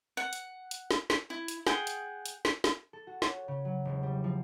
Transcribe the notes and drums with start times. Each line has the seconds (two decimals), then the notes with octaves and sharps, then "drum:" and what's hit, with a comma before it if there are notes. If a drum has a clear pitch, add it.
0.17 F#5
0.33 drum: hi-hat
0.71 drum: hi-hat
0.91 drum: snare
1.10 drum: snare
1.30 E4
1.48 drum: hi-hat
1.67 G#4 F#5 G5 D#6, drum: snare
1.87 drum: hi-hat
2.26 drum: hi-hat
2.45 drum: snare
2.64 drum: snare
2.93 A4
3.07 F#4
3.22 C#5, drum: snare
3.48 C#3
3.65 F#3
3.85 E1
4.03 G3
4.24 F3